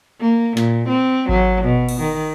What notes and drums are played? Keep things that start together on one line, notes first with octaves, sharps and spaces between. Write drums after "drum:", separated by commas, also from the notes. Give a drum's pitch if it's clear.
A#3
A#2, drum: snare
C4
F#3, drum: kick G#1
B2
drum: cymbal
D#3